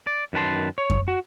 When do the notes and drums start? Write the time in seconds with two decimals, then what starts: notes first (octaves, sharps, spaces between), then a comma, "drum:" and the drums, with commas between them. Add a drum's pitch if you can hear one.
0.07 D5
0.33 F#2 D#3 B4 A5 C6
0.78 C#5
0.90 drum: kick F#2
1.08 F#4